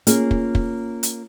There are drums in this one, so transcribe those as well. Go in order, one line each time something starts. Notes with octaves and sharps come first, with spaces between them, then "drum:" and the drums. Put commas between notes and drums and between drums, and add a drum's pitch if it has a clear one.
A#3 C#4 F4 G#4, drum: hi-hat
drum: kick
drum: kick
drum: hi-hat